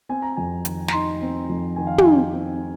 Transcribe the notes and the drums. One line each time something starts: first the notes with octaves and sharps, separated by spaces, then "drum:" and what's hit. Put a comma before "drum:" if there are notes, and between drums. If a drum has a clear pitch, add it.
C4 G#5
A#5
F2 G#5
D#3, drum: hi-hat
A#5, drum: snare
D#4 C6
C4
F2
D#3 G#5
F5
G#5, drum: tom
D#4
C4